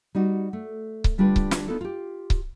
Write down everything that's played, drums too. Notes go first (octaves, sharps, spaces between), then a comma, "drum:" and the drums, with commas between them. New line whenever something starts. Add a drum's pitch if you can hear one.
G3 D#4 F#4
A3
drum: kick C#1
D2 G3 D4 F4 G4 B4
drum: kick C#1
drum: snare
B3 D4 D#4 F4 A4 A#4
F4 G4
drum: kick C#1